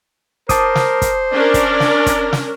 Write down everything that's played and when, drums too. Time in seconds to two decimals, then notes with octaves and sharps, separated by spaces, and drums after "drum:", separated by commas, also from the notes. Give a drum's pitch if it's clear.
0.49 A#4 C5 A5 D6 D#6, drum: kick, hi-hat
0.75 drum: snare
1.02 drum: kick, hi-hat
1.33 C#4 D4 A#4 D5
1.54 drum: kick, hi-hat
1.80 drum: snare
2.06 drum: kick, hi-hat
2.33 drum: snare